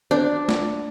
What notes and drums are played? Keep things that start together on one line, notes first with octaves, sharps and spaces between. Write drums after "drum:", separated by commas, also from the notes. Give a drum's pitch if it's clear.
D4
drum: snare